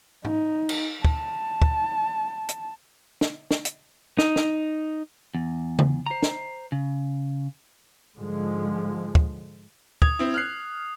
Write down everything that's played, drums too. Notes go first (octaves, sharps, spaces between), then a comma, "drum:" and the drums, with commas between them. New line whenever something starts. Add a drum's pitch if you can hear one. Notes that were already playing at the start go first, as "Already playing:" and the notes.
D#4, drum: tom G#2
drum: cymbal
A5, drum: kick
drum: kick
drum: hi-hat
drum: snare
drum: snare
drum: hi-hat
D#4, drum: snare
drum: snare
E2
drum: tom C#3
C5 A#5
drum: snare
C#3
G#2 D3 F3 G#3
drum: kick
D#6 G#6, drum: kick
C4 E4
F6 F#6 C7